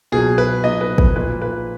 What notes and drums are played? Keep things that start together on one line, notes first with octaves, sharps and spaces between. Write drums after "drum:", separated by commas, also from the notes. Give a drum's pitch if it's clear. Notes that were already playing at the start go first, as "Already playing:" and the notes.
B2 F#3 G#4
B4
B2 F#3 D#5
B4
B4, drum: kick
A#2 F3 B4
B4